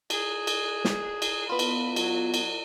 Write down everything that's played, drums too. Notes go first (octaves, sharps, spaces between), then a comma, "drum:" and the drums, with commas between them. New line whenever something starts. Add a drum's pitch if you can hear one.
G#4, drum: cymbal
drum: cymbal
drum: snare
drum: cymbal
B3 F4 B5
drum: cymbal
F#3, drum: cymbal
drum: cymbal